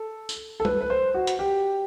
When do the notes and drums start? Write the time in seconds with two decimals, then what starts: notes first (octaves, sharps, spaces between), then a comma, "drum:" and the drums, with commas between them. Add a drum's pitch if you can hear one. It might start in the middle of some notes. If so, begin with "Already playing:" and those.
Already playing: A4
0.29 drum: tambourine
0.60 A4
0.65 B4, drum: tom
0.81 B4
0.90 C5
1.14 F#4
1.27 drum: hi-hat
1.39 G4